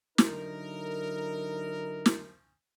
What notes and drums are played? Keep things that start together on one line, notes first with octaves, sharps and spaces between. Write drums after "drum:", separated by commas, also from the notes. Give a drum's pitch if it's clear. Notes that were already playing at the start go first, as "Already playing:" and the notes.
D3 F#3 D#4 E4 A#4, drum: snare
drum: snare